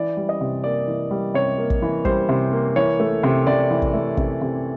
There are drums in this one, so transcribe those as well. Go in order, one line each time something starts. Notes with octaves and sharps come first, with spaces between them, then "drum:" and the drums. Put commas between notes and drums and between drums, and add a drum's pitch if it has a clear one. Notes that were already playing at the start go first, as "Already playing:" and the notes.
Already playing: E3 D5
G3
D#5
C3
A#3 D5
E3
G3
C3 C#5
A#3
drum: kick
E3
G3 C5, drum: kick
C3
A#3
E3 C#5
A3
C3
C3 D5
E3
drum: kick
A3
C3, drum: kick
C3